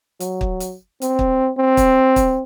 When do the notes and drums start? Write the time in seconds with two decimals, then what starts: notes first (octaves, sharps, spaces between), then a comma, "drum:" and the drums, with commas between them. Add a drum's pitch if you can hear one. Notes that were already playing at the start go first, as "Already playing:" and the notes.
0.20 F#3, drum: hi-hat
0.41 drum: kick
0.60 drum: hi-hat
1.02 C4, drum: hi-hat
1.19 drum: kick
1.58 C4
1.77 drum: kick, hi-hat
2.16 drum: kick, hi-hat